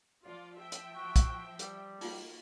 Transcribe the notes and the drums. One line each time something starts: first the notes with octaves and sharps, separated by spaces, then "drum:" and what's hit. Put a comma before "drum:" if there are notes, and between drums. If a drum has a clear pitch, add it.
F3 F4 D5
E5 G5
drum: hi-hat
F#4
drum: kick, hi-hat
G3, drum: hi-hat
A#3 D#4 F4 F#4, drum: open hi-hat